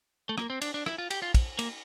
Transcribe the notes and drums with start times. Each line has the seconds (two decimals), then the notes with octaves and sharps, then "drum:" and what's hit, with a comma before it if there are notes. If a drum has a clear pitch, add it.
0.29 A3
0.38 A#3, drum: rim click
0.50 C4
0.62 D4, drum: cymbal
0.74 D4
0.86 E4, drum: rim click
0.98 F4
1.10 G4, drum: cymbal
1.22 F4
1.34 drum: kick, cymbal
1.59 A#3, drum: cymbal